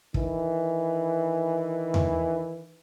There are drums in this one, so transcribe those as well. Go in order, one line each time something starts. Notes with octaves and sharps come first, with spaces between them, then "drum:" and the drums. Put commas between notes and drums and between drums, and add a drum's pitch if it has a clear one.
D#3 E3, drum: kick
drum: tom E2